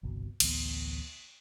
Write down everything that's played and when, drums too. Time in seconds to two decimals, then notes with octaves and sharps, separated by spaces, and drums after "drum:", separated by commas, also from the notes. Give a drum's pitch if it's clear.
0.03 G1 C2 B2
0.40 A1 D2 B3, drum: cymbal